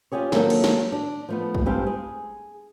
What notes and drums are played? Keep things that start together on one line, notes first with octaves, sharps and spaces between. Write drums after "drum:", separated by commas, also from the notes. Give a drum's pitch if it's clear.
C#4 F4 G4 G#4 C#5
D#3 F#3 A#3 C4 D4 A4, drum: snare
drum: cymbal
drum: snare
D4
F3 A3 B3
drum: kick
G2 G#3 C4 G4 F5
G#4